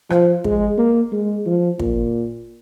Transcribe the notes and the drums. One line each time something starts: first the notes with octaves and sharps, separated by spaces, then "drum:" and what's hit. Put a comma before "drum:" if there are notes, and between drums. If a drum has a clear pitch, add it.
F3, drum: rim click
G#3, drum: kick
A#3
G#3
F3
A#2, drum: kick